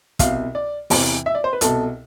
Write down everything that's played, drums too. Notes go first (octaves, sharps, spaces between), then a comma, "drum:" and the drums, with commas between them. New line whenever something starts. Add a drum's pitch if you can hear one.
C2 B2 F5, drum: kick, hi-hat
D5
E2 C3 E3, drum: open hi-hat
E5
D5
C5
B4
C2 B2 A4, drum: hi-hat